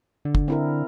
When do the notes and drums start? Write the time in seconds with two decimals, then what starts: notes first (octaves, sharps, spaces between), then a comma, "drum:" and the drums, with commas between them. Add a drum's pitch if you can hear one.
0.25 D3
0.35 drum: kick
0.48 C4 E4 A#4